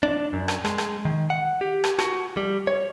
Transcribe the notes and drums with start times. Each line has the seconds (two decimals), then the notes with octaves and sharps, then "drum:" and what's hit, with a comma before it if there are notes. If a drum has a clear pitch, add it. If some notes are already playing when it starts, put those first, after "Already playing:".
0.03 D4
0.33 F#2
0.48 drum: rim click
0.65 G#3, drum: rim click
0.78 drum: rim click
1.05 D#3
1.30 F#5
1.61 G4
1.84 drum: rim click
1.99 F#4, drum: rim click
2.37 G3
2.67 C#5